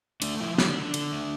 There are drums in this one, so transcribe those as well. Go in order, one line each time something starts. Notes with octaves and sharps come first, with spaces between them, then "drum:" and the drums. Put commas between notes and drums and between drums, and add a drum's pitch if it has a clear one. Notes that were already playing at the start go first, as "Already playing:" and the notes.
A3 D4, drum: cymbal
F3 E4
D3 C4, drum: snare
D4
D3
D4
D3, drum: cymbal
A3